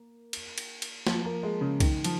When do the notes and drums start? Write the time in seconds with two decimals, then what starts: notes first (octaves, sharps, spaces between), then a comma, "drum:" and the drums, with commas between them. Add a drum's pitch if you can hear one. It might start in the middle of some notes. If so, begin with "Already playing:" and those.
Already playing: A#3
0.33 drum: cymbal
0.58 drum: cymbal
0.82 drum: cymbal
1.07 F3, drum: snare
1.24 A#3
1.43 G#3
1.61 C#3
1.80 D#3, drum: kick, cymbal
2.04 F3, drum: cymbal